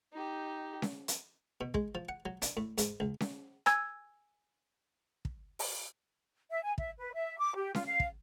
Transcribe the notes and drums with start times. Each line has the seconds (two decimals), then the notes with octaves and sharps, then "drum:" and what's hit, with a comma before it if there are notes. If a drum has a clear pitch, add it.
0.13 D#4 G4
0.82 drum: snare C#4
1.08 drum: hi-hat
1.61 B2
1.74 G#3, drum: kick
1.95 F3
2.09 F#5
2.26 F#3
2.42 D4, drum: hi-hat
2.57 A2
2.78 G#2, drum: hi-hat
3.00 C#2
3.20 drum: snare C#4
3.66 G#5 E6 G#6, drum: rim click
5.25 drum: kick
5.59 drum: open hi-hat
6.50 E5
6.63 G#5
6.78 E5, drum: kick
6.99 B4
7.13 E5
7.38 D6
7.56 G4
7.75 F4, drum: snare C#4
7.86 F5
8.00 drum: kick